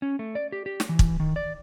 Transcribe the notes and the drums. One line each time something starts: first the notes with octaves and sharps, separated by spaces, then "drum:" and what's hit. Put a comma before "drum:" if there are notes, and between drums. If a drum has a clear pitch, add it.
C#4
A3
D5
G4
G4
drum: snare
E3
drum: kick
D#3
D5